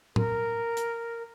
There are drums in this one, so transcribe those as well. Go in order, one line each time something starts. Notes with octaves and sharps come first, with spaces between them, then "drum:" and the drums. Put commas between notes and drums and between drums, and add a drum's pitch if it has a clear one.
A#4, drum: tom A2
drum: hi-hat